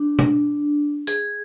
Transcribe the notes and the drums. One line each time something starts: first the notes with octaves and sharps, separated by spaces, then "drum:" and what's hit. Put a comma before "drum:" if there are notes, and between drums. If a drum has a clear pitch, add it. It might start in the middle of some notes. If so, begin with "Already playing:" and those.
Already playing: D4
drum: tom
G#4, drum: hi-hat